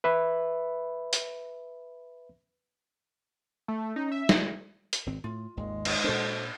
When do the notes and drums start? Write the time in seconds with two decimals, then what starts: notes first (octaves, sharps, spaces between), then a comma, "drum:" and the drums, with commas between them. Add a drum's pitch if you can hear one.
0.04 B4 E5 B5
1.13 drum: hi-hat
3.68 A3
3.96 C#4 D#4
4.12 E5
4.29 drum: snare
4.93 drum: hi-hat
5.06 G#1 B2 C4
5.24 A2 F4
5.57 G#1 D#2 G#3
5.85 drum: cymbal
6.04 A#2 D4 F#4 A4 C5